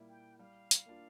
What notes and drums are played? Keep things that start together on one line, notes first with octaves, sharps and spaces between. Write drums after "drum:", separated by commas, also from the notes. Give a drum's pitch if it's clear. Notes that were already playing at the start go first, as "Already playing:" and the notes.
Already playing: A#2 G3 A#3 E4
G5
G3 F5
drum: hi-hat
A#3 D4 F4